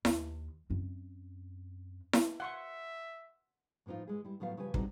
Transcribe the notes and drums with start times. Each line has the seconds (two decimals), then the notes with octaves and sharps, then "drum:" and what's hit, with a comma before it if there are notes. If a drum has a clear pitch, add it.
0.05 D#2, drum: snare E4
0.70 F#2 C4
2.13 drum: snare E4
2.40 E5 F#5 C6 C#6
3.86 A2 E3 F3 D#4 F4
4.08 E3 G#3 G#4
4.25 G3 E4
4.40 A2 F3 F#3 B3 F5
4.57 C#3 F3 G3 B4 G#5
4.74 G3 C4 D4 D#4 F#4 G#4, drum: kick